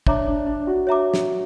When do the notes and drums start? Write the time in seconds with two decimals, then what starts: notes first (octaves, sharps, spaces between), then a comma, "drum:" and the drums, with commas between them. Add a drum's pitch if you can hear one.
0.07 D4 C#5 E5 A#5 D6, drum: kick
0.27 D4
0.46 D4
0.67 F#4
0.87 C#5 E5 A#5 D6
1.14 drum: snare